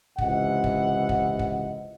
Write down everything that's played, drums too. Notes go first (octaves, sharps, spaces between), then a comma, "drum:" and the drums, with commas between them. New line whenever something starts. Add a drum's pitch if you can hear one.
C#2 C3 E3 D#5 F#5, drum: kick
drum: kick
drum: kick
drum: kick